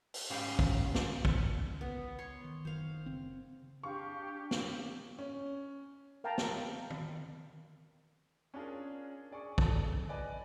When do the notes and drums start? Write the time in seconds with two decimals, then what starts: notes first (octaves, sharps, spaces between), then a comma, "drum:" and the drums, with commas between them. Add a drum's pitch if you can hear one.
0.14 drum: open hi-hat
0.30 G#2 C#4 G4 F5
0.59 drum: kick
0.94 drum: snare
1.25 drum: kick
1.34 C#2
1.81 B3
2.19 C#5 C6 C#6
2.44 D#3
2.65 F#1 D#3 C5 F5
3.06 C#3 C4
3.83 D4 G4 F5 C#6
4.51 drum: snare
5.19 C#4
6.24 A#4 F5 G5 A5 A#5
6.38 drum: snare
6.90 drum: tom D#3
8.54 C#4 D4 F4 G#4 A#4
9.31 G#4 D5 G#5 C#6
9.58 G#4 A4 A5, drum: kick
10.09 B4 D5 D#5 G#5